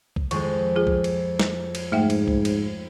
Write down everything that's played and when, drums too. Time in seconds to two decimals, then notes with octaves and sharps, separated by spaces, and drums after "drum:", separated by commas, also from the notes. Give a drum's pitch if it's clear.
0.16 drum: kick B1
0.31 F2 D#3 G#3, drum: cymbal
0.76 F4 G#4
0.87 drum: kick B1
1.04 drum: cymbal
1.39 drum: snare
1.75 drum: cymbal
1.92 G#2 A3 E5 G5
2.10 drum: cymbal
2.27 drum: kick B1
2.45 drum: cymbal